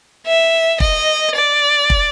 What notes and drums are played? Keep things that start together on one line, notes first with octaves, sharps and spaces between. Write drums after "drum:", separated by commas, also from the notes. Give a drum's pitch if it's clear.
E5
D#5, drum: kick
D5
drum: kick